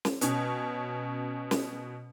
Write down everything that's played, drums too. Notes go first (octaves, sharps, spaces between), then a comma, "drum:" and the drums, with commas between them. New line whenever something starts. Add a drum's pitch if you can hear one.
drum: snare
B2 C#4, drum: hi-hat
drum: snare